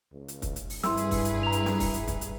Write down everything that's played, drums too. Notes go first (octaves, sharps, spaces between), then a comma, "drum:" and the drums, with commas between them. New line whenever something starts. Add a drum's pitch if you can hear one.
C#2
drum: hi-hat
drum: kick, hi-hat
drum: hi-hat
drum: open hi-hat
G2 E4 G#4 B4 C6 E6, drum: snare
drum: hi-hat
drum: kick, open hi-hat
drum: hi-hat
A#5 F7
drum: hi-hat
drum: snare
drum: kick, open hi-hat
drum: hi-hat
drum: kick, hi-hat
drum: hi-hat